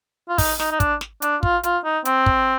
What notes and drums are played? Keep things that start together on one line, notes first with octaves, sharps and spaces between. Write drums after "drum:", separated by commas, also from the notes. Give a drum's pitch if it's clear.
F4
D#4, drum: kick, open hi-hat
D#4, drum: snare
D#4
D4, drum: kick, hi-hat
drum: snare
D4, drum: hi-hat
F4, drum: kick
F4, drum: hi-hat
D#4
C4, drum: hi-hat
drum: kick